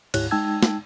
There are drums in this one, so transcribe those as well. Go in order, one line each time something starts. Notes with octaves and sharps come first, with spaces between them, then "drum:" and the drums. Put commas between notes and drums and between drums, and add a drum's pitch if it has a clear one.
D2 G#2 E4 G4 C#5 F#6, drum: cymbal
G#3 D#4 G5 A5 E6 G#6
drum: snare